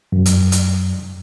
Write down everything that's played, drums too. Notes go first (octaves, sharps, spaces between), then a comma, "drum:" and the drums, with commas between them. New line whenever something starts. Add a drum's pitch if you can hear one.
F#2
drum: hi-hat
drum: hi-hat